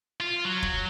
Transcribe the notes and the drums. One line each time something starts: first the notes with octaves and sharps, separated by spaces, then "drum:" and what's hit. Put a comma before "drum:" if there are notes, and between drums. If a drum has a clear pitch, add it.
F4
F#3
drum: kick F1